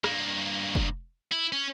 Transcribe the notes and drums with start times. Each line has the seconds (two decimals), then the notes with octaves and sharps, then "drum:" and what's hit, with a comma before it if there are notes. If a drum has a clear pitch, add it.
0.04 G2 A#3, drum: rim click
0.75 drum: kick
1.32 E4
1.53 C#4